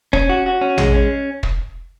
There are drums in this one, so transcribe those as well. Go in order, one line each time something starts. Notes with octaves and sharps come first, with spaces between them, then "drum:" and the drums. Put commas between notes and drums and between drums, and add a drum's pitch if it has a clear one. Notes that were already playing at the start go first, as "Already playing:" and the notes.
C#4, drum: kick
F#4
F#4
C#4
G#3, drum: tom
C#4
drum: kick